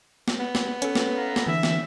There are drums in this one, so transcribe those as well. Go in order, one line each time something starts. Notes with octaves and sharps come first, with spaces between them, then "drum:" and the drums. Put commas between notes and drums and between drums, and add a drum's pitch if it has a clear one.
drum: snare
B3
drum: snare
C#4 A4 B4 C#5, drum: hi-hat
drum: snare
E4 F5 A#5
drum: snare
D3 E3 E5
drum: snare